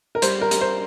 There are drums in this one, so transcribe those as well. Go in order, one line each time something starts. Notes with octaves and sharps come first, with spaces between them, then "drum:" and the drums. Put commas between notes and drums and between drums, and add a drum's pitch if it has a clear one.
A#4
G3 C5, drum: hi-hat
A#4
G3, drum: hi-hat
C5